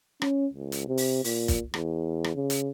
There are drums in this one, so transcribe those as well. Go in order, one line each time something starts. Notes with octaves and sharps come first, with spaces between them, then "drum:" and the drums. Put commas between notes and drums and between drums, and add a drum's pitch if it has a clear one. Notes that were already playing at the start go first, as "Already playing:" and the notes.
C#4, drum: rim click
C#2
drum: hi-hat
C3
drum: open hi-hat
A#2, drum: open hi-hat
drum: kick, hi-hat
E2, drum: rim click
drum: rim click
C#3
drum: hi-hat